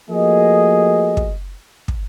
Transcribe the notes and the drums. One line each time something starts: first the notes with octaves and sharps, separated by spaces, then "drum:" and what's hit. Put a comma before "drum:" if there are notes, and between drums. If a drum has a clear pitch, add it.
F3 A3 A#3 F#4 G#4 D#5
drum: kick
drum: kick